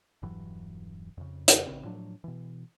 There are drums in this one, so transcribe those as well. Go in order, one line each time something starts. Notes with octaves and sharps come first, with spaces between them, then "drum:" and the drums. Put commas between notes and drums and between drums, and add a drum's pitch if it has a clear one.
E1 G2 E3 F#3
F2 C#3
drum: hi-hat
A1 C#3 C4
A2 F3 F#3 D4
B2 E3